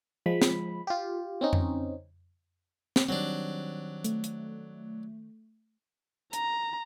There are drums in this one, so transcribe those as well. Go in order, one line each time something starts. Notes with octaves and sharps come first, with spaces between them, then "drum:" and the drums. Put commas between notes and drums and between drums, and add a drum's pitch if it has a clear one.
F3 G#3 B5
drum: snare
F4 G4
C4 C#4 D#4
drum: tom F2
drum: snare
D#3 F#3 G3 C4 D4
A3, drum: hi-hat
drum: hi-hat
A#5, drum: hi-hat